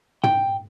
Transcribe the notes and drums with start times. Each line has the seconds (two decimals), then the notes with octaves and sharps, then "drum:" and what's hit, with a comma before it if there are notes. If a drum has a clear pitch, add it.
0.24 G5, drum: tom